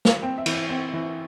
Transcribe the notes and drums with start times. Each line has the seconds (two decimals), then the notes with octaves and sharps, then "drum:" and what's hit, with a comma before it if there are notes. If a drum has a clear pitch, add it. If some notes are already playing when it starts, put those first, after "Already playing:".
0.05 drum: snare
0.22 C4 G5
0.38 E5
0.46 E3, drum: cymbal
0.54 E5
0.70 C4
0.94 E3